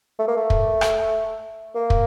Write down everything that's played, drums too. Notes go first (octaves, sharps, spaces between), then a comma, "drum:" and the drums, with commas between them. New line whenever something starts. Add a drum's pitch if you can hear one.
A3
A#3
A3
drum: kick
drum: rim click
A#3
drum: kick